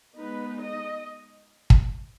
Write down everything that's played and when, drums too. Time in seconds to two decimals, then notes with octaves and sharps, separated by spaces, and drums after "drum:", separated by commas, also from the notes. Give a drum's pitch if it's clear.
0.17 G#3 B3 D#4 B4
0.62 D#5
1.70 drum: kick